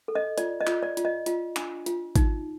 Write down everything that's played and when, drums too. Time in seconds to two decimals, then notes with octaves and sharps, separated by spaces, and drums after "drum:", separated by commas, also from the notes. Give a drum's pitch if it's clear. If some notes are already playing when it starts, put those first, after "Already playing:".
0.08 A4
0.15 D#5
0.38 F4 D5, drum: hi-hat
0.61 D#5
0.67 F4, drum: clap
0.83 D5
0.97 F4, drum: hi-hat
1.05 D#5
1.26 F4, drum: hi-hat
1.56 D4, drum: clap
1.86 F4, drum: hi-hat
2.16 D#4, drum: kick, hi-hat